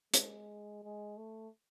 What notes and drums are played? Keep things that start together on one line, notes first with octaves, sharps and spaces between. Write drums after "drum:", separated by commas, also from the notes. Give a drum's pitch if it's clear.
G#3, drum: hi-hat
G#3
A3